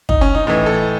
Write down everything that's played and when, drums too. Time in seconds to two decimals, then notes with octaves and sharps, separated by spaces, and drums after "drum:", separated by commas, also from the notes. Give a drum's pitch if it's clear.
0.09 D#4, drum: kick
0.21 C#4
0.35 D#4
0.47 A2 E3 D#4
0.66 A4